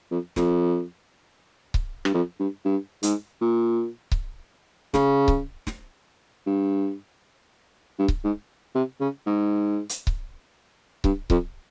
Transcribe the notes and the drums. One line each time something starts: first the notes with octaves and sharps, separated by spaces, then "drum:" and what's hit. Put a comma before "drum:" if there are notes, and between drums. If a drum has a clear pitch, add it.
F2
F2, drum: snare
drum: kick C#1
G2, drum: rim click
F2
G2
G2
G#2, drum: hi-hat
A#2
drum: kick C#1
C#3, drum: snare
drum: kick C#1
drum: snare
G2
G2
drum: kick C#1
G#2
C3
C#3
G#2
drum: hi-hat
drum: kick C#1
G2, drum: kick C#1
F2, drum: kick C#1